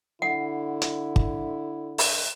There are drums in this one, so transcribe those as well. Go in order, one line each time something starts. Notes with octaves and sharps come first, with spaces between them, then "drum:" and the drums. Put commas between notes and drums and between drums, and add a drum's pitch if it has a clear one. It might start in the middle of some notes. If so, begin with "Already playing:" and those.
D3 E4 F#5
drum: hi-hat
drum: kick
drum: open hi-hat